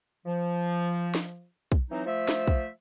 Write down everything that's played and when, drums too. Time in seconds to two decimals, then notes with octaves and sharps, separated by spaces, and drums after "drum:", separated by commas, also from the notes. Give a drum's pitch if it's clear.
0.26 F3
1.15 drum: snare
1.72 drum: kick
1.91 E3 F#3 C4 D#4
2.06 F3 A3 C5 E5
2.29 drum: snare
2.47 drum: kick